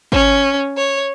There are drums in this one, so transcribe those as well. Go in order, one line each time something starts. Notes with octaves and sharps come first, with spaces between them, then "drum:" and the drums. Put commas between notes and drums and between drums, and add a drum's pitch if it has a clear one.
C#4, drum: kick G#1
C#5